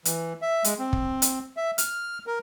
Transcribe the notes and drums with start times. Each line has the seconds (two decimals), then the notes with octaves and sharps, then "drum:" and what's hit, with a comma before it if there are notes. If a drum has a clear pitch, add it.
0.05 E3, drum: hi-hat
0.42 E5
0.64 G#3, drum: hi-hat
0.79 C4
0.93 drum: kick
1.22 drum: hi-hat
1.57 E5
1.78 F6, drum: hi-hat
2.27 A#4